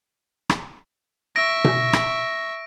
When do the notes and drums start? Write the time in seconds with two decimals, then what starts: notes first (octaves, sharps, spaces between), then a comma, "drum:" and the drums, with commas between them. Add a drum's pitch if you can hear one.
0.49 drum: rim click
1.36 E5 C#6 A#6 D7
1.64 drum: tom B2
1.93 drum: rim click